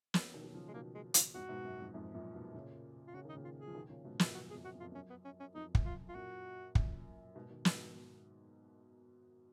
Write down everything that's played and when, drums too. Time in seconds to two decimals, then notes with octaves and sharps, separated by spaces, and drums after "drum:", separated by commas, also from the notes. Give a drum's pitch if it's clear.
0.14 A#3 C#4, drum: snare
0.34 B2 D#3
0.44 F#3
0.54 C#3 F3
0.68 G#3
0.74 B2 D#3 A#3
0.94 G#3
1.14 F4, drum: hi-hat
1.34 F2 G#2 F#4
1.49 G#2 B2
1.65 F#2
1.79 F2 G#2
1.94 F2 G#2
2.14 F#2 A#2
2.34 G#2 B2
2.54 A#2 C#3
3.07 F4
3.14 C#3 F#4
3.25 D#3 D#4
3.35 A#2 C#3
3.45 F4
3.59 G#4
3.67 F3
3.74 B2 D#3
3.89 A#2 C#3
4.04 G#2 B2
4.19 F#2 A#2, drum: snare
4.34 F#4
4.50 G#4
4.55 F2
4.65 F#4
4.75 F#2
4.80 F4
4.83 F2
4.92 F#2 C#4
5.10 B3
5.25 C#4
5.40 C#4
5.55 F2 D#4
5.75 F#2, drum: kick
5.85 F4
6.09 F4
6.15 F#2 A#2 F#4
6.75 F#2 A#2, drum: kick
7.35 G#2 B2
7.50 B2 D#3
7.65 G#2 B2, drum: snare